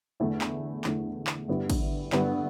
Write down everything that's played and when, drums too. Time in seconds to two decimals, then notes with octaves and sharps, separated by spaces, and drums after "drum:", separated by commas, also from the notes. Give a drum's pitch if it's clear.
0.20 E2 D3 A3 E4
0.41 drum: clap
0.84 E2 D3 A3 E4, drum: clap
1.27 drum: clap
1.48 G2 D3 G3 B3 E4
1.70 drum: kick, cymbal
2.12 G2 D3 G3 B3 E4, drum: clap